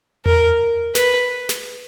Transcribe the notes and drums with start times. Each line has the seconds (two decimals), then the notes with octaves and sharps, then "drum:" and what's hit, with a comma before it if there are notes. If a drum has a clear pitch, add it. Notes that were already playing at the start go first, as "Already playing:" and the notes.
0.26 A#4, drum: tom E2
0.95 B4, drum: snare
1.49 drum: snare